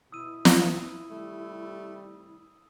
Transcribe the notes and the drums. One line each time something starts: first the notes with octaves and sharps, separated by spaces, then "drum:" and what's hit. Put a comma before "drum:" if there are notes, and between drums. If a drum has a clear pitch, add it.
B2 E4 D#6 E6 D#7
drum: snare
C3 D#3 G3 A3